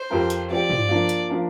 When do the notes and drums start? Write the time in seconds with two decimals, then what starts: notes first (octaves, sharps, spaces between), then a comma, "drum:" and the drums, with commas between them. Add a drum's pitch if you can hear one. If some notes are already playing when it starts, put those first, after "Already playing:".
Already playing: C5
0.10 F2 F3 C4 G4 A#4
0.30 drum: hi-hat
0.50 F3 C4 G4 D5
0.70 drum: tom
0.89 F3 A#3 D4
1.09 drum: hi-hat
1.29 F3 A#3 D4